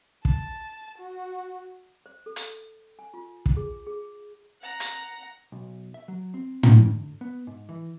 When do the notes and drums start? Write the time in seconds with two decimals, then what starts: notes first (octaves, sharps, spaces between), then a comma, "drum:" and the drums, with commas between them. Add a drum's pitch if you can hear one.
0.25 A5, drum: kick
0.98 F#4
2.06 C5
2.26 A4
2.36 drum: hi-hat
2.99 G#5
3.14 F4
3.46 drum: kick
3.57 G#4
3.87 G#4
4.62 F#5 A#5
4.80 drum: hi-hat
5.52 B1
5.94 E5
6.08 F#3
6.34 C4
6.63 G5, drum: tom
6.80 D2
7.21 B3
7.47 G#2
7.69 E3